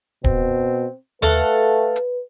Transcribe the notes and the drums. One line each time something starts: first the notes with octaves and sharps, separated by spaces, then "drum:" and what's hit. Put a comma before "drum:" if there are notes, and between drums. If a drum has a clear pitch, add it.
B2 C4, drum: kick D1
A3 A4 B4 F5 F#5, drum: tom D#2
drum: hi-hat